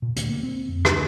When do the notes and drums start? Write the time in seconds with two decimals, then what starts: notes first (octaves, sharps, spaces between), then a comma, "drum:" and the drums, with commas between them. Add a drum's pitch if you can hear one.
0.02 A#2
0.16 D2, drum: hi-hat
0.30 A#3
0.43 C4
0.69 F2
0.85 D2, drum: rim click